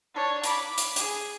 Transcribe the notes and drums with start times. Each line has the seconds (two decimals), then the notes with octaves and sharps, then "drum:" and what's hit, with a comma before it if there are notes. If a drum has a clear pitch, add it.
0.14 D4 C#5
0.44 B5 D6, drum: hi-hat
0.78 drum: hi-hat
0.96 G#4, drum: hi-hat